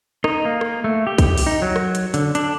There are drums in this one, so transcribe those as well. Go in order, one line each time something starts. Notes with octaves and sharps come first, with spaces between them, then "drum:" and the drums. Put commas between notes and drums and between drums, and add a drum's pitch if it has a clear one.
D#4, drum: rim click
A#3
drum: rim click
A3
G4
drum: kick, hi-hat
drum: open hi-hat
D#4
F#3
drum: rim click
drum: hi-hat
D3, drum: hi-hat
D4, drum: hi-hat